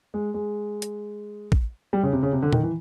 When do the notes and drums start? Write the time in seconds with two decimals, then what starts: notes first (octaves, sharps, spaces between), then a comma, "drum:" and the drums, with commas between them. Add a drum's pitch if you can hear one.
0.14 G#3
0.34 G#3
0.82 drum: hi-hat
1.52 drum: kick A#1
1.93 G3
2.03 C#3
2.13 C3
2.23 C#3
2.33 C3
2.42 D3
2.53 D#3, drum: tom A#2
2.63 E3